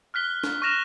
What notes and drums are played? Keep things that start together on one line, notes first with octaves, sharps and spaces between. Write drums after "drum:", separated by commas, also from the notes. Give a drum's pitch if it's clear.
F6 F#6 B6 G7
drum: snare
C#6 F6 F#6 A#6 E7 F7